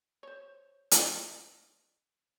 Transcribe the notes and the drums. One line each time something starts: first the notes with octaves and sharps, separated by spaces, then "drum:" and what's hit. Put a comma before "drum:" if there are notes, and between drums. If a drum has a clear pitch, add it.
C5 C#5
drum: hi-hat